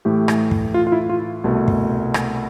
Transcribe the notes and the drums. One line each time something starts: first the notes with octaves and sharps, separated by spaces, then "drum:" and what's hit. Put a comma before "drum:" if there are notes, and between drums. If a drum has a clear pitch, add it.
A2 E3 A3 G4
drum: rim click
drum: kick
F4
F4
E4
F4
C2 B2 A3
drum: kick
drum: rim click